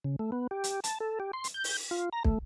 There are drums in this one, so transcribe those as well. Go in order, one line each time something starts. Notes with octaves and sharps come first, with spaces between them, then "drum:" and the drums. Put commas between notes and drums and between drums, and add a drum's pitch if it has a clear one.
C#3
A3
B3
G4
drum: hi-hat
A5, drum: hi-hat
A4
G4
C6
drum: hi-hat
G6
drum: open hi-hat
F4
A#5
A3, drum: kick